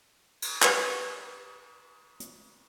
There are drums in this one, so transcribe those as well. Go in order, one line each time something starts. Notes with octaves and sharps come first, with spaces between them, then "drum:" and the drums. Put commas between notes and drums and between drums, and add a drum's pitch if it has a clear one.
drum: cymbal
G4 B4, drum: clap
drum: hi-hat